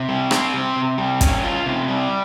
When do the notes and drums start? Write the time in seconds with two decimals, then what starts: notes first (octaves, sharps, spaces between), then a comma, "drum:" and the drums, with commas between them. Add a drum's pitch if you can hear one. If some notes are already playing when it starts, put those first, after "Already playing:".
Already playing: C3
0.08 G3
0.31 C4, drum: rim click
0.53 C3
0.76 C3
0.98 G3
1.21 C#4, drum: kick, hi-hat
1.44 F4
1.66 C3
1.88 G3